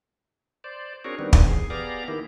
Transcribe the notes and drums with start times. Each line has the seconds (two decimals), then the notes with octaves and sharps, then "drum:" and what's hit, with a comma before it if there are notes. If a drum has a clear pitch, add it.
0.64 C5 D5
1.05 C4 D4 F#4 G#4 A#4 C#5
1.19 D#3 G3 B3 C4 D4
1.33 drum: kick
1.47 E2 G#4
1.70 B3 G4 G#4 D5 F5 A#5
2.08 D#3 A#3 E4 G4